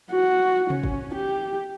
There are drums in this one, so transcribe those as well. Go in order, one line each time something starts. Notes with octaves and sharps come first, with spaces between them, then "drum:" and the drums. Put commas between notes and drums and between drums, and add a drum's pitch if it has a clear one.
F#4
C#4, drum: tom C3
drum: kick
G4